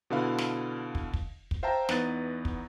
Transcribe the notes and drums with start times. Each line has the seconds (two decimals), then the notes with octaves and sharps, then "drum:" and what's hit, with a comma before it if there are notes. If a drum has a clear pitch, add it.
0.10 B2 D3 D4 E4 F5
0.38 drum: snare
0.95 drum: kick
1.14 drum: kick
1.51 drum: kick
1.63 C5 E5 F5 G5 A5 A#5
1.89 E2 B3 D#4 F#6 A6 D#7, drum: snare
2.45 drum: kick